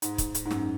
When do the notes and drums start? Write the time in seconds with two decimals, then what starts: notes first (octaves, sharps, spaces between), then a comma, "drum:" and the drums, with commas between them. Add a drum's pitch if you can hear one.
0.02 G#2, drum: hi-hat
0.18 drum: kick, hi-hat
0.35 drum: hi-hat
0.45 G#2
0.51 F#2, drum: snare